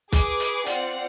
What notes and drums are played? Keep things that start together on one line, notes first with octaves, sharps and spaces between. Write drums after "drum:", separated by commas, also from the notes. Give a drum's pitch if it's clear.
G#4 B4 G#5 D6, drum: kick, hi-hat
drum: hi-hat
C4 F4 D5 F#5, drum: hi-hat